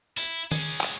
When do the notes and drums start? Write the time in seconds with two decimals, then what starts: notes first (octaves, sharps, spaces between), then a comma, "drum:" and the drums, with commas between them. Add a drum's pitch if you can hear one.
0.18 E4, drum: tambourine
0.52 G#3 C#4, drum: tom D#3
0.81 drum: clap